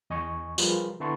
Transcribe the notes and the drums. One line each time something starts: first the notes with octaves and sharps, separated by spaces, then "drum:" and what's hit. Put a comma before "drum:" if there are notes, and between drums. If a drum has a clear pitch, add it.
E2 D#5 G#5 C#6
F3 G3 F4 G#4 A#4 B4, drum: tambourine
D3 B3 E4 A5 C6 C#6